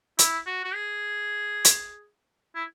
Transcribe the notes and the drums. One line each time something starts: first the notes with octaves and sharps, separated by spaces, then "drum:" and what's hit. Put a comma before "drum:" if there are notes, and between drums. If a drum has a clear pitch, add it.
E4, drum: hi-hat
F#4
F#4
G#4
drum: hi-hat
E4